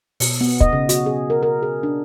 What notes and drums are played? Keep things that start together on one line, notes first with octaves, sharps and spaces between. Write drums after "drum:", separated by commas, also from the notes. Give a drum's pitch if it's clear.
B2, drum: open hi-hat
B3
D#5, drum: kick
C#3
F#4, drum: hi-hat
G#4
A#4
A#4
G#4
D4